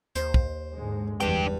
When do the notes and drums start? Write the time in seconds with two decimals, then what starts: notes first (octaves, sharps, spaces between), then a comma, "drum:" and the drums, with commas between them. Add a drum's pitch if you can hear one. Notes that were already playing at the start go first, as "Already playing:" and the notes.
0.16 D#2 C5, drum: hi-hat
0.34 drum: kick
0.73 G#2 D3 G#3
1.20 G1 E2 G2 D4 G5, drum: hi-hat